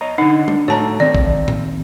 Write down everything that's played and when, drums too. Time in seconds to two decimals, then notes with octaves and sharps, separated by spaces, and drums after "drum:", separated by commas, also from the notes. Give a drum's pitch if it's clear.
0.01 C#5 D#5 A#5
0.18 D3 D#4 D#5 F#5
0.48 D4, drum: tom G3
0.68 A2 F#4 A4 C#5 A5 A#5
1.00 D#3 C4 D5
1.15 drum: kick A#1
1.48 drum: tom A2